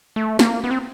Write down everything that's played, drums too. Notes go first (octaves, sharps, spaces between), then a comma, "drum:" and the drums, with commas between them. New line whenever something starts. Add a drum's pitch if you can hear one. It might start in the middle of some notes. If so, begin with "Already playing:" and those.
A3
A#3, drum: snare
B3
C4